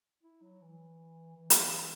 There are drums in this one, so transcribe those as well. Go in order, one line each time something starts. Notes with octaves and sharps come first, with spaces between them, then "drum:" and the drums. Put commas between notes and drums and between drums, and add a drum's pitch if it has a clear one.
E4
F#3
E3
E3
F#3, drum: hi-hat
E3